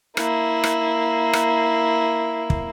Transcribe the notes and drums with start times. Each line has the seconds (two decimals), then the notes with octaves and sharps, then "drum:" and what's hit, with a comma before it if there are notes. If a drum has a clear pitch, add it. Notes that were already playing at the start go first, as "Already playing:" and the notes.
0.17 A#3 E4, drum: rim click
0.64 drum: rim click
1.33 drum: rim click
2.50 drum: kick